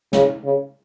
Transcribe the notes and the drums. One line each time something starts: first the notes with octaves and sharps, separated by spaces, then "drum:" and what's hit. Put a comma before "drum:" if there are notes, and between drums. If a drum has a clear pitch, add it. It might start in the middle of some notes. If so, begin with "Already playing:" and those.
C#3, drum: snare
C#3